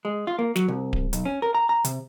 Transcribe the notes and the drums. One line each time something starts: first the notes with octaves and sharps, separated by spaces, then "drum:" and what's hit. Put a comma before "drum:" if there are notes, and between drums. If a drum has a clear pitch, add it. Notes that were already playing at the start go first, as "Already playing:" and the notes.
G#3
F4
A#3
F#3, drum: snare
C2
drum: kick D1
B1, drum: hi-hat
C#4
A#4
A#5
A#5
C3, drum: hi-hat